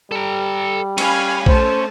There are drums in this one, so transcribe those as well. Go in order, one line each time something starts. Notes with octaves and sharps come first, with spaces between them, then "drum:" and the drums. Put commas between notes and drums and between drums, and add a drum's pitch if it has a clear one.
G3 A4 A#5
C#4 F5 G#5 B5, drum: cymbal
A3 C5 A5, drum: kick